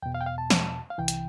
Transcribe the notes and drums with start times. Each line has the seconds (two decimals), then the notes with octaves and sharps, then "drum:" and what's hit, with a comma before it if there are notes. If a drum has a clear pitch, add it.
0.02 E2 B2 G5
0.15 F5
0.21 G5
0.26 F5
0.38 A5
0.50 drum: snare
0.90 F5
0.98 C2 C3 E3 G5
1.08 drum: hi-hat